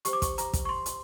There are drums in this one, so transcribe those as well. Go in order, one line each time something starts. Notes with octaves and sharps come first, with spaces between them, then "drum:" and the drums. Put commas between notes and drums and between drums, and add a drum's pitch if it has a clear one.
G4 C5 C#6, drum: hi-hat
D6
C#6, drum: kick, hi-hat
A#5, drum: hi-hat
drum: kick, hi-hat
C#6
C6
drum: hi-hat